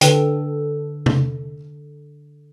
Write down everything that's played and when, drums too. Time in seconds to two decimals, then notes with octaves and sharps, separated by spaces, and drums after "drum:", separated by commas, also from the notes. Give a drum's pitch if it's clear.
0.01 D3 A4 B4 G5, drum: hi-hat
1.06 drum: tom C3